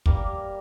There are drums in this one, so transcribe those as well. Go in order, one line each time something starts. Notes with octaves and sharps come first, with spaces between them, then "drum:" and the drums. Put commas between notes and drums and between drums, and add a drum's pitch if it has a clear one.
G3 A#3 G4 A#4, drum: kick